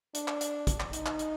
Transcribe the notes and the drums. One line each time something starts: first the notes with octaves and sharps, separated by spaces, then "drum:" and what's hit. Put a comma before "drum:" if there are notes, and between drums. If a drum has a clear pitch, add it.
D4, drum: hi-hat
drum: clap
drum: hi-hat
drum: kick, hi-hat
drum: clap
D#4, drum: hi-hat
drum: clap
drum: hi-hat